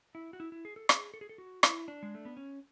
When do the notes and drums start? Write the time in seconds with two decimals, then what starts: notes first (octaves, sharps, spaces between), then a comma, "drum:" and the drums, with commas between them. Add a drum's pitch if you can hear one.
0.15 E4
0.33 F#4
0.40 E4
0.52 E4
0.65 G#4
0.76 A4
0.89 G#4, drum: rim click
1.14 A4
1.21 G#4
1.29 A4
1.38 F#4
1.63 E4, drum: rim click
1.88 D4
2.03 G#3
2.15 A3
2.25 B3
2.37 C#4